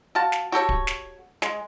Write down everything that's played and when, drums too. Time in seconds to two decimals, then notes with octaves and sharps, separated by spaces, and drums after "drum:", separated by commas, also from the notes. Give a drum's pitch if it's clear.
0.15 F#4 F5 A5
0.32 drum: snare
0.52 F#4 G4 A4 C#5
0.69 drum: kick D1
0.87 drum: snare
1.42 G#3, drum: snare